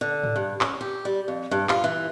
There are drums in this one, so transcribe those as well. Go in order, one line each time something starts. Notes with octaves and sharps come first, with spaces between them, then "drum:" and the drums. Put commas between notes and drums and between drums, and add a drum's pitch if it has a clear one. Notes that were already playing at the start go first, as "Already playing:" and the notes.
D3
drum: tom G#2
G2
C#4, drum: clap
G4
G3
F2
G2
F4, drum: clap
E3